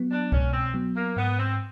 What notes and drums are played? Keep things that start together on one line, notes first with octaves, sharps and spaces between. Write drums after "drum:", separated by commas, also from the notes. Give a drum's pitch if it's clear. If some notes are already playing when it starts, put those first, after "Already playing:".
Already playing: F#3 B3
D4
B2 C#4, drum: kick C2
C4
F#3 B3
A#3
G#2 B3
C4